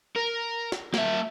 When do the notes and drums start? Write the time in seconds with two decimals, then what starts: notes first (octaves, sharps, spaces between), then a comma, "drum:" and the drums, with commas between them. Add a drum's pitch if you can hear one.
0.16 A#4
0.72 drum: snare
0.94 A#3 E5, drum: snare